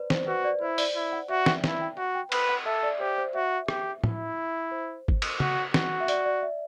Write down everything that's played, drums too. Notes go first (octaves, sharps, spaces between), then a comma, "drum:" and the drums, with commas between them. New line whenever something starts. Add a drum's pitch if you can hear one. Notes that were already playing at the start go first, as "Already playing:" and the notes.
Already playing: B4 C5 D5
C5, drum: snare
F#4 B4
D5
E4 C5
D5, drum: open hi-hat
E4
F#5
F#4 E5
G5, drum: snare
E4 A5, drum: snare
G5
F#4 F#5
G5
B4 F#5, drum: cymbal
F#5
A4 E5
D5
G4 C5
C5
F#4 E5
G4, drum: rim click
E4, drum: tom
C5
drum: kick G#1
drum: cymbal
F#4, drum: tom
F#4, drum: snare
E5
D5, drum: hi-hat
D5
E5